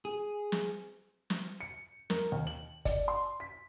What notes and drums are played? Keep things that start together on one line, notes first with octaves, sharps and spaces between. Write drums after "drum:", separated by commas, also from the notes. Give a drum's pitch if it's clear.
G#4
drum: snare
drum: snare
C#7
A#4, drum: snare
D#2
F#7
D5, drum: kick, hi-hat
C6
B6